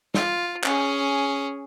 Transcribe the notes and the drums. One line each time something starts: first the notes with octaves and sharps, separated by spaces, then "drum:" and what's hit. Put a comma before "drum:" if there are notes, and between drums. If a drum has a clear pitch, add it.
F4, drum: snare
C#4 G#4, drum: clap